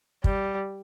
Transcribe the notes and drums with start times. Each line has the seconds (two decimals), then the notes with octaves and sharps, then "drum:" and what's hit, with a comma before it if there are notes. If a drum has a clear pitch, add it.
0.24 G3, drum: kick